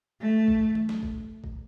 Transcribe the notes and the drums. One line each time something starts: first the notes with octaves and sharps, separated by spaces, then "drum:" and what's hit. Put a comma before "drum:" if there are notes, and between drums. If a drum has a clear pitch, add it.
A3
drum: kick
drum: tom
drum: snare
drum: kick
drum: kick